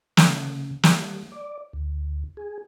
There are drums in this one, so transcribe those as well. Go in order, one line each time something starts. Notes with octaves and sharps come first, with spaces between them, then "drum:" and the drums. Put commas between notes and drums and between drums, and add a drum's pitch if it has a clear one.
C#3, drum: snare
G3, drum: snare
D5
D2
G#4